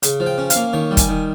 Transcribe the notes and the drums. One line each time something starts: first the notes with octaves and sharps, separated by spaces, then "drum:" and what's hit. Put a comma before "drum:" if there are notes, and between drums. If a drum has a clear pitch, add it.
C#3, drum: hi-hat
F3
G5
C#4
F5, drum: hi-hat
A#3
D#3 C#5
G3
G#5, drum: kick, hi-hat
D#3